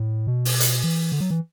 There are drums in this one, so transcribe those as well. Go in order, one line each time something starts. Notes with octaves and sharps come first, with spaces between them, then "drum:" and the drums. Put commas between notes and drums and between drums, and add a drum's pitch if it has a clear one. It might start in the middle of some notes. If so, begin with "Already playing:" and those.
Already playing: A2
B2
drum: open hi-hat
drum: hi-hat
E3
D3
F#3
E3